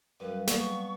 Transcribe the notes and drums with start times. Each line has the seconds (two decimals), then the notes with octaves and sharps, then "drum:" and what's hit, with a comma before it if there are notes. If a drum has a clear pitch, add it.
0.20 F#2 F#3 G3 B4 F5
0.47 A#3 B3 D4 B4 C#6, drum: snare